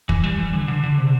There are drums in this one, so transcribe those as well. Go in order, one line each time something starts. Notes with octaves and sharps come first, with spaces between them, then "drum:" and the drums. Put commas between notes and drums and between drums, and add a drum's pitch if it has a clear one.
E3, drum: kick
G3
E3
D3
D3
D3
C3